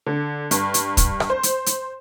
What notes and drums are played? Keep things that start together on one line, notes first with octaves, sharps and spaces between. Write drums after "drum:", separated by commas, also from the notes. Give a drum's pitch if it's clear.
D3
G2, drum: hi-hat
drum: hi-hat
drum: kick, hi-hat
drum: rim click
C5
drum: hi-hat
drum: hi-hat